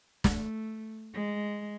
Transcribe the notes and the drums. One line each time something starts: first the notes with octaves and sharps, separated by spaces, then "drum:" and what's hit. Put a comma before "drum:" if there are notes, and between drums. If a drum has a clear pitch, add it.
A3, drum: snare
G#3